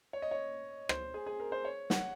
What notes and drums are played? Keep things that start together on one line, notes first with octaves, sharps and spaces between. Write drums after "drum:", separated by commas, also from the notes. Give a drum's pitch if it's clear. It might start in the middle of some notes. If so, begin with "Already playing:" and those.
C#5
D#5
C#5
C5, drum: rim click
G#4
G#4
A#4
C5
C#5
F#5, drum: snare